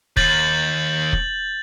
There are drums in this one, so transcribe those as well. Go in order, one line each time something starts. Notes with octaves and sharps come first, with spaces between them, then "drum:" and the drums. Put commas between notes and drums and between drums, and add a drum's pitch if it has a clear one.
D#2 G6 A6 F#7, drum: kick
drum: kick